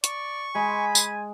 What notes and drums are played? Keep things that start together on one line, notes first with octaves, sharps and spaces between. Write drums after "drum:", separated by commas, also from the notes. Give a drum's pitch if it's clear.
D5 C#6, drum: hi-hat
G#3 G#5 B5
drum: tambourine